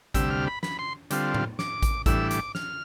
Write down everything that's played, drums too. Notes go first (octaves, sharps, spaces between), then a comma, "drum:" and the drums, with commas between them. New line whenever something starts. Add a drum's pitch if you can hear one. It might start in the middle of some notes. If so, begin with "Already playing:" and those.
D2 C3 G3 E6, drum: kick A1, hi-hat
F6
B5
B5, drum: snare
C6
D3 G3 C4 F4, drum: hi-hat
drum: tom A2
D6, drum: snare
drum: kick A1, hi-hat
A2 E3 G3 D4 E6, drum: kick A1, hi-hat
D6, drum: hi-hat
F6, drum: snare